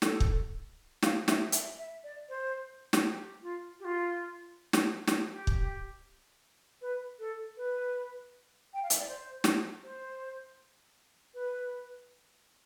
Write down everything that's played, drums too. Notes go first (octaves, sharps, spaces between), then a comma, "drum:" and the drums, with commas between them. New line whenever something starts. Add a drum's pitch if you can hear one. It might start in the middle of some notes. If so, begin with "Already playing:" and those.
A4, drum: snare
drum: kick
F5, drum: snare
E5, drum: snare
E5, drum: hi-hat
E5
D5
C5
drum: snare
G4
F4
G4
F4
drum: snare
drum: snare
G4
drum: kick
B4
A4
B4
G5
F5
E5, drum: hi-hat
D5
C5
drum: snare
C5
B4